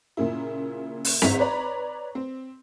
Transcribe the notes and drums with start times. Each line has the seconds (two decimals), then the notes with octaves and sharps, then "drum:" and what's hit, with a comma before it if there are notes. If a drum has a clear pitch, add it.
0.17 A#2 C#3 A#3 E4
1.05 drum: open hi-hat
1.22 G#1 G#2 E5 B6 F7, drum: snare C4
1.39 B4 C#5 D5 A#5 B5
2.15 C4